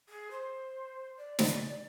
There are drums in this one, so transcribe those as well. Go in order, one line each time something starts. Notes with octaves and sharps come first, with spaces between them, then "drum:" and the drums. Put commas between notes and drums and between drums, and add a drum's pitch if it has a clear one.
G#4
C5
D5
drum: snare